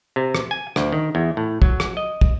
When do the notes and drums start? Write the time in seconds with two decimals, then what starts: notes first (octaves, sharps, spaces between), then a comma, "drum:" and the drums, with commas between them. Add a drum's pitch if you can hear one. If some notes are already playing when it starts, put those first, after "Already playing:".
0.16 C3
0.35 drum: rim click
0.51 G#5
0.76 D2, drum: rim click
0.92 D#3
1.15 E2
1.37 A2
1.62 F#3, drum: kick
1.80 drum: rim click
1.97 D#5
2.21 drum: kick